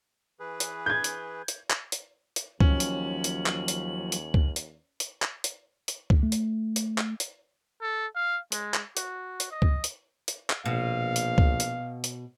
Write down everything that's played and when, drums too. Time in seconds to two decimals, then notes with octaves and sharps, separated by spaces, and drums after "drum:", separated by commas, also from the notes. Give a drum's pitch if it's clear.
0.40 E3 G#4 B4
0.60 drum: hi-hat
0.86 G6 G#6
1.04 drum: hi-hat
1.48 drum: hi-hat
1.70 drum: clap
1.92 drum: hi-hat
2.36 drum: hi-hat
2.60 D#2 F3 F#3 C#4 F#7, drum: kick C#2
2.80 drum: hi-hat
3.24 drum: hi-hat
3.46 drum: clap
3.68 drum: hi-hat
4.12 drum: hi-hat
4.34 drum: kick C#2
4.56 drum: hi-hat
5.00 drum: hi-hat
5.22 drum: clap
5.44 drum: hi-hat
5.88 drum: hi-hat
6.10 drum: kick C#2
6.23 A3
6.32 drum: hi-hat
6.76 drum: hi-hat
6.98 drum: clap
7.20 drum: hi-hat
7.82 A4
8.16 F5
8.52 G#3, drum: hi-hat
8.74 drum: clap
8.97 F#4, drum: hi-hat
9.40 drum: hi-hat
9.51 D#5
9.62 drum: kick C#2
9.84 drum: hi-hat
10.28 drum: hi-hat
10.50 drum: clap
10.66 A#1 B2 F5
11.16 drum: hi-hat
11.38 drum: kick C#2
11.60 drum: hi-hat
12.04 drum: hi-hat